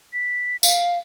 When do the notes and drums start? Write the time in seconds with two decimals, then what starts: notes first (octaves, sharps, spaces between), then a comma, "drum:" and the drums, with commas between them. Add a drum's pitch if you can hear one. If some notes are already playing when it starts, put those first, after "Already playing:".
0.13 B6
0.63 F5, drum: tambourine